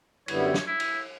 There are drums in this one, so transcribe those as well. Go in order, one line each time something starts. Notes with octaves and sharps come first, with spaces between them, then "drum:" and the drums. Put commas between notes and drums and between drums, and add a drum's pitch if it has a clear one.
F#2 D3 G3 B3 E4 C#5, drum: cymbal
drum: snare
E4
drum: cymbal